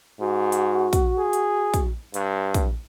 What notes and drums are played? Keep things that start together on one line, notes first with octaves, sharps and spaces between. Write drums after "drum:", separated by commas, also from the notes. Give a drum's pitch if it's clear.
G#2 F#4
drum: hi-hat
drum: kick, hi-hat
G#4
drum: hi-hat
drum: kick, hi-hat
G2, drum: hi-hat
drum: kick, hi-hat